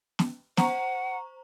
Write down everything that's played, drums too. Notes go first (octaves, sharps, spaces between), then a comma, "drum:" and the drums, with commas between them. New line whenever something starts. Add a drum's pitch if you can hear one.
drum: snare
C5 F#5 A#5 C#6, drum: snare